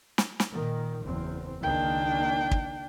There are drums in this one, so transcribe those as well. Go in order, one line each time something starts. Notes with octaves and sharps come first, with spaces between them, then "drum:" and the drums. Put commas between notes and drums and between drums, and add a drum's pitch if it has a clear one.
drum: snare
drum: snare
A#2 D#3
F#1 E2 C4
C#2 D#3 A#3 D4 G5
drum: kick